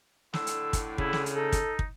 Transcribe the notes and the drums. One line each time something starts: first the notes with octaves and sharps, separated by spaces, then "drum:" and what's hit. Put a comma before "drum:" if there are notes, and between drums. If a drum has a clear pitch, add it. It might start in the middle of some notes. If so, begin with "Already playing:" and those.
A2 D3 E6, drum: snare
drum: hi-hat
drum: kick, hi-hat
C#3 E4, drum: kick
drum: snare
drum: hi-hat
D#4 A4
drum: kick, hi-hat
drum: kick